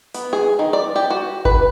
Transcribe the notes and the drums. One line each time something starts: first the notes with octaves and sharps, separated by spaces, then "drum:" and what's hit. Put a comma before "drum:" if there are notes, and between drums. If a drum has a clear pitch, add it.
B3, drum: open hi-hat
G#4
D#3
D5
G4
F#4
B4, drum: kick G1